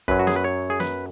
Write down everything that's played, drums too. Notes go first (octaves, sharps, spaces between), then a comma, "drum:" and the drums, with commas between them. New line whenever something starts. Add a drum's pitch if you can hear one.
F#2 F#3 B4, drum: kick F#1
F#4
G#4, drum: snare
B4
C#5
G#4
B4, drum: snare